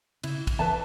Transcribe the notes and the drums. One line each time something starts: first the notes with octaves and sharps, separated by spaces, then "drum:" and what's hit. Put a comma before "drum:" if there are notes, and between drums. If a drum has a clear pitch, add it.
C#3 E4, drum: cymbal
drum: kick, cymbal
E3 B4 E5 A5